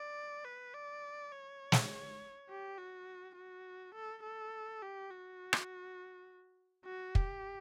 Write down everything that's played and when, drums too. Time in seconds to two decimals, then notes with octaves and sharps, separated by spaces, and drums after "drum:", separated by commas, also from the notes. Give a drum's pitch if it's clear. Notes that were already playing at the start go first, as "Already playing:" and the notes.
Already playing: D5
0.45 B4
0.75 D5
1.33 C#5
1.72 drum: snare
2.50 G4
2.78 F#4
3.36 F#4
3.95 A4
4.23 A4
4.82 G4
5.10 F#4
5.53 drum: rim click
6.85 F#4
7.15 G4, drum: kick